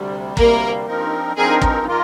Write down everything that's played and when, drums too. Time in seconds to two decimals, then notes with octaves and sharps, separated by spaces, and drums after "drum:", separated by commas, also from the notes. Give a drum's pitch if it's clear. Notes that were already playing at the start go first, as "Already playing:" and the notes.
Already playing: D2 C3 G3
0.37 D2 C3 G3 A#3 A#4, drum: kick
0.87 G2 F3 C4 D#4 A#4
1.36 G2 F3 C4 D#4 G#4 A#4
1.62 drum: kick
1.86 D#3 A#3 F4 A#4